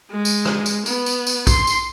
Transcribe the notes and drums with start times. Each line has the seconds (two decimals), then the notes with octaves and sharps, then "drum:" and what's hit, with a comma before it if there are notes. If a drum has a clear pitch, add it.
0.10 G#3
0.25 drum: tambourine
0.45 drum: rim click
0.66 drum: tambourine
0.86 B3, drum: tambourine
1.06 drum: tambourine
1.27 drum: tambourine
1.47 C6, drum: kick, tambourine
1.67 drum: tambourine